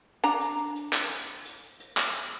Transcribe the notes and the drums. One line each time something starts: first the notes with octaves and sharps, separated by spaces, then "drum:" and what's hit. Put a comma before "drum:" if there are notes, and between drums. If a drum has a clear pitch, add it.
D4 A#5
drum: hi-hat
drum: hi-hat
drum: clap
drum: hi-hat
drum: hi-hat
drum: hi-hat
drum: clap
drum: hi-hat